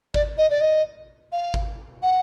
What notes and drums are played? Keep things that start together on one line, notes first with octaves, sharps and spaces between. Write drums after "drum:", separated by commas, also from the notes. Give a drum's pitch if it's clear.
D5, drum: kick G#1
D#5
D5
D#5
F5
drum: kick G#1
F#5